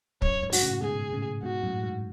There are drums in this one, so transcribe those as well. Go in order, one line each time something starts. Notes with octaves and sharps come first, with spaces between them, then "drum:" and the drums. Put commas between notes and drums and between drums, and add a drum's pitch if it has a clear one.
F#2 C#5, drum: kick
G#2
F#4, drum: open hi-hat
A2 C#3
G#2 B2 G#4
A2 C#3
G#2 B2 F#4
F#2 A2
G#2